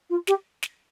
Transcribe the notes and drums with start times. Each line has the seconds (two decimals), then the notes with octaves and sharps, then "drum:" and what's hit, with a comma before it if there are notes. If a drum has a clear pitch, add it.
0.10 F4
0.27 G4, drum: snare
0.63 drum: snare